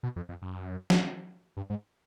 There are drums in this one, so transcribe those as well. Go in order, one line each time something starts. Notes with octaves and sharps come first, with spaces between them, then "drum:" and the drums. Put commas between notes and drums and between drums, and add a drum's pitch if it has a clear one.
B2
F2
F2
F#2
drum: snare
G2
G#2